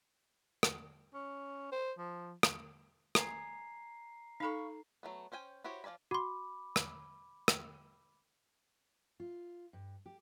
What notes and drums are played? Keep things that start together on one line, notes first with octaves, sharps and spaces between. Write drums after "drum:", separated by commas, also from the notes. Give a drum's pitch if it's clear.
drum: rim click
C#4
C5
F3
drum: rim click
G#5 A#5 C7, drum: rim click
D#4 A4 F5 B5 C#6
F#3 A3 B3
C#4 C5 G5 G#5
E4 F#4 G4 C5 C#5
F3 F4 D5 G#5 B5
F#4 B5 C6 D6
drum: rim click
drum: rim click
F4
G2
G4